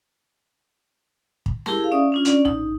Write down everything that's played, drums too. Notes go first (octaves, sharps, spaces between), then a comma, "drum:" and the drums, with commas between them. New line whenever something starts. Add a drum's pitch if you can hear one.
drum: kick
E4 G4 G#4 A#4 A5, drum: snare
G#4 F5
C#4 D5 E5 D#6
C#4 D4 F4
C#4 D4 D5, drum: hi-hat
D#4, drum: tom A#1